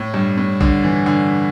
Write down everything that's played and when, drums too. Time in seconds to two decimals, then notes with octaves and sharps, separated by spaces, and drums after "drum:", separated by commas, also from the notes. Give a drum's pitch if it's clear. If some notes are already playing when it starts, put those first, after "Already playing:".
Already playing: A2
0.14 G2
0.37 A2
0.61 D3, drum: kick A#1
0.84 E3
1.06 D3